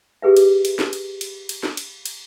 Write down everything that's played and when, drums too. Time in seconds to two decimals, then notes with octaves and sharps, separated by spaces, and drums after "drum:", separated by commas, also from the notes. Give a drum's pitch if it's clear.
0.22 G4 G#4 B4 E5
0.37 drum: cymbal
0.65 drum: cymbal
0.79 drum: snare
0.93 drum: cymbal
1.21 drum: cymbal
1.49 drum: cymbal
1.63 drum: snare
1.77 drum: cymbal
2.06 drum: cymbal